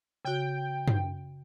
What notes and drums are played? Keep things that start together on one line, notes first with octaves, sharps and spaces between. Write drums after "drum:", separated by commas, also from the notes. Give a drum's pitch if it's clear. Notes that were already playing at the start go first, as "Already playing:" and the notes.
C#3 F#4 G5
drum: tom